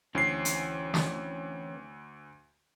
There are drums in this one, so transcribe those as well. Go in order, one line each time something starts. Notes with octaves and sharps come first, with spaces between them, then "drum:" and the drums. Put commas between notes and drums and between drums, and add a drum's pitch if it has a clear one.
D2 E3 C4 C#4 C7
drum: hi-hat
drum: snare